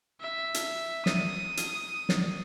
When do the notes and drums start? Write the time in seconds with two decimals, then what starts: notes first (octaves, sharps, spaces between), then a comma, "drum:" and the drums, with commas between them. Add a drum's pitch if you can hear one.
0.21 E5
0.54 drum: hi-hat
1.06 D#6, drum: snare
1.57 drum: hi-hat
2.09 drum: snare